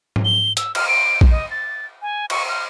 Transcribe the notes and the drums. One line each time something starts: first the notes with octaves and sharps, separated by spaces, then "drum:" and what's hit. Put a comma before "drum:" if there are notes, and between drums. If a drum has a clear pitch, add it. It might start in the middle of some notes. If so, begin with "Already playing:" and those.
drum: tom G#2
G7
E6, drum: hi-hat
F6, drum: cymbal
D7
drum: kick A#1
D#5
A6
G#5
C#6, drum: cymbal
F6